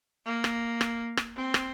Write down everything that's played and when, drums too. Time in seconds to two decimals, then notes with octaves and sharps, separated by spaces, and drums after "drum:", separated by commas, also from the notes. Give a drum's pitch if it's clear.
0.26 A#3
0.44 drum: rim click
0.81 drum: rim click
1.17 drum: rim click
1.36 C4
1.54 drum: rim click